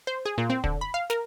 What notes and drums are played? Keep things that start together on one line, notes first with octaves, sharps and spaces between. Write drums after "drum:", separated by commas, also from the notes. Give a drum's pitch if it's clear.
C5
G#4
A#2
C4
D3, drum: kick
B5
F5
A#4, drum: snare